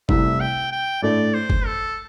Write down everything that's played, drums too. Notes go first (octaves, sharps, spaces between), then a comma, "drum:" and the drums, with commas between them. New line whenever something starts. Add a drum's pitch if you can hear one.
C2 C3 A3 E4 E5, drum: kick
G5
G5
A2 A3 D4 D5
C5
drum: kick
A4